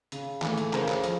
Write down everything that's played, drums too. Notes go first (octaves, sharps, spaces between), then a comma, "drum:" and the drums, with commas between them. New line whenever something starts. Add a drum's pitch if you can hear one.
C#3, drum: hi-hat
E3 A3, drum: clap
drum: hi-hat
C#3 A#4 C5, drum: clap
drum: clap
F3, drum: hi-hat